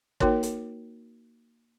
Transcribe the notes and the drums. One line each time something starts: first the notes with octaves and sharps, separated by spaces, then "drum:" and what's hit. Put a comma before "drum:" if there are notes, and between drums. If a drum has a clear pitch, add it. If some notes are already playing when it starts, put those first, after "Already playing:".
A#3 D#4 F#4 A#4 C#5, drum: kick
drum: hi-hat